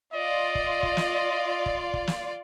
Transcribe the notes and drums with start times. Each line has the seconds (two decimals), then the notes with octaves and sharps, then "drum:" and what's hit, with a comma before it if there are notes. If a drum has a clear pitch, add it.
0.14 F4 D5 D#5
0.55 drum: kick
0.83 drum: kick
0.97 drum: snare
1.66 drum: kick
1.94 drum: kick
2.07 drum: snare